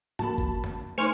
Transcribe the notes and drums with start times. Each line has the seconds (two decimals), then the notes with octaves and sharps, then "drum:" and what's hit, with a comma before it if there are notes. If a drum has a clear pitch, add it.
0.19 A#3 F#4 A5 B5, drum: tom G#2
0.38 drum: kick
0.64 drum: tom F2
0.98 A3 D#4 C5 G#5 C#6 F6